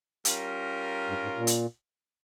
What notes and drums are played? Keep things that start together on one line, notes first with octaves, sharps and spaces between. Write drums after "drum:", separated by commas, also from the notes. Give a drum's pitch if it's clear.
G3 C#4 F4 A#4, drum: hi-hat
G2
G#2
A#2
drum: hi-hat